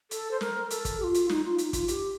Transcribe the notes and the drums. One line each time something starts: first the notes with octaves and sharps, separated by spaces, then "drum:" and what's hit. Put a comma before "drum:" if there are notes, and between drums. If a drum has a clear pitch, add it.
A4, drum: hi-hat
C5
A#4, drum: snare
A4, drum: hi-hat
drum: kick, hi-hat
G4
F4
drum: hi-hat
D#4, drum: snare
F4
D#4, drum: hi-hat
F4, drum: kick, hi-hat
G4, drum: hi-hat